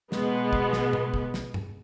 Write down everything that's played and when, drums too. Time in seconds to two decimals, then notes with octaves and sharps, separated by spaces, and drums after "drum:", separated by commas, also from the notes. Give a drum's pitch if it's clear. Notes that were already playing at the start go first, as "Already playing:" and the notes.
0.12 B2 G#3 B3, drum: snare
0.53 drum: kick
0.73 drum: snare
0.93 drum: tom A2
1.14 drum: kick
1.34 drum: snare
1.54 drum: tom G2